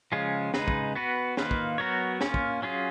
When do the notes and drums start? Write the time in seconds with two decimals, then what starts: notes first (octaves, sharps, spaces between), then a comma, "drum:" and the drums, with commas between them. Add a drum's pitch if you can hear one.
0.12 C#3 F3 G#3 C#4 F4
0.54 C#3 G#3 D#4 G#4 B4, drum: snare
0.68 drum: kick
0.96 B3 F#4 B4
1.37 D#3 A#3 F4 B4, drum: snare
1.51 drum: kick
1.78 F#3 B3 F#4 A#4 C#5
2.21 A#3 C#4 F4, drum: snare
2.34 drum: kick
2.62 F#3 C#4 F4 G#4